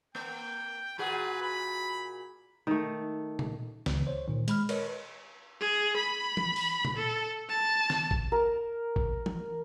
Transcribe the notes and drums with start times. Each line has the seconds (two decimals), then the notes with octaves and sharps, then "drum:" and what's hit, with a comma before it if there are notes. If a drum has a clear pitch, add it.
0.15 A#3 G5
0.98 A#2 F#4 G#4 B4
1.42 B5
2.67 D#3 A3
3.39 drum: tom A#2
3.86 C#2 C#3, drum: snare
4.07 C5 C#5
4.28 A#2 D#3
4.48 G#3 B5 F6, drum: hi-hat
4.69 A#4 B4 C#5 D#5, drum: cymbal
5.60 G#4
5.97 B5
6.37 drum: tom E3
6.56 drum: open hi-hat
6.85 drum: tom A#2
6.96 A4
7.50 A5
7.90 drum: snare
8.11 drum: kick A1
8.32 A#4
8.96 drum: kick A1
9.26 drum: tom E3